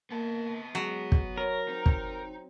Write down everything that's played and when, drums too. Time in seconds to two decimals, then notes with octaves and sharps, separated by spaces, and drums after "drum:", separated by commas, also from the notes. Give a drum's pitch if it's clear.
0.11 A#3 B3 A5
0.75 F#3 G#3
1.12 drum: kick
1.38 A#4 C#5
1.69 C4 D#4
1.86 drum: kick